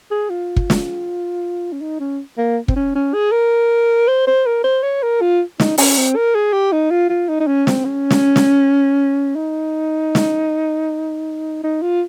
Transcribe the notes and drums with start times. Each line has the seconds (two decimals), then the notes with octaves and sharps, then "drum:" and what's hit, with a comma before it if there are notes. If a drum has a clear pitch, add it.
0.11 G#4
0.30 F4
0.57 drum: kick
0.70 drum: snare
1.73 C#4
1.81 D#4
2.00 C#4
2.38 A#3
2.68 C4, drum: kick
2.76 C#4
2.95 C#4
3.14 G#4
3.32 A#4
4.08 C5
4.27 C5
4.46 A#4
4.64 C5
4.83 C#5
5.03 A#4
5.21 F4
5.60 D#4, drum: snare
5.78 C#4, drum: open hi-hat
5.97 C4
6.16 A#4
6.35 G#4
6.53 G4
6.72 D#4
6.91 F4
7.09 F4
7.29 D#4
7.40 D#4
7.47 C#4
7.67 C4, drum: snare
7.85 C#4
8.11 drum: snare
8.36 drum: snare
9.36 D#4
10.15 drum: snare
11.64 D#4
11.82 F4